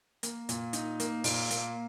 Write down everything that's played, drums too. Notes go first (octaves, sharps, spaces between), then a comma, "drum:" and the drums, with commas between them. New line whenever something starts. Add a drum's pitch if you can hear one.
A#3, drum: hi-hat
A#2, drum: hi-hat
D#4, drum: hi-hat
A#3, drum: hi-hat
A#2, drum: open hi-hat
A#3, drum: hi-hat